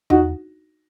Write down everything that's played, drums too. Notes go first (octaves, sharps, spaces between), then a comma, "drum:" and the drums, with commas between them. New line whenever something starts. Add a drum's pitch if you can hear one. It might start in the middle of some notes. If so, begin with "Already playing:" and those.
D#4 F#4, drum: tom E2